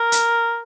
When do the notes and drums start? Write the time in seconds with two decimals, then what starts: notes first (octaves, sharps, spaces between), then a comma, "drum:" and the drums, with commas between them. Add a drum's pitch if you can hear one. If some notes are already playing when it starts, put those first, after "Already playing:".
Already playing: A#4
0.12 drum: hi-hat